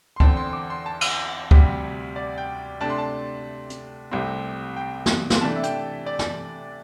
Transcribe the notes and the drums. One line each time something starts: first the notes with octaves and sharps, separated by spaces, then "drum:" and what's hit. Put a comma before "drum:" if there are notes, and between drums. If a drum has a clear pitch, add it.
C6
E2 D3 C4 A5, drum: kick C#2
C6
D6
C6
A5
drum: cymbal
D2 C3 G3, drum: kick C#2
D5
G5
C3 A3 D4 A5
C6
A5
drum: hi-hat
C2 C3 A3 C4
G5
drum: snare
C6, drum: snare
C3 E3 A3 D4 A5
E5
G5, drum: hi-hat
D5
drum: snare